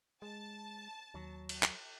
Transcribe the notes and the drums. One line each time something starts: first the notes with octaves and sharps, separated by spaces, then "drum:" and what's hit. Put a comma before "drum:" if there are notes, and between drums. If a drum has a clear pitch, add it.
G#3 A5
D#2 F#3
drum: cymbal
drum: clap